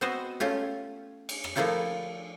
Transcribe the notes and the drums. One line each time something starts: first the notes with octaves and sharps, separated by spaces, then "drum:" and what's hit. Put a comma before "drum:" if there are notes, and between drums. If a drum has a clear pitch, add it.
B3 C4 F#4 C5 D#5
A3 C#4 F4 G4
drum: cymbal
drum: rim click
F3 A3 A#3 E4 F4 G4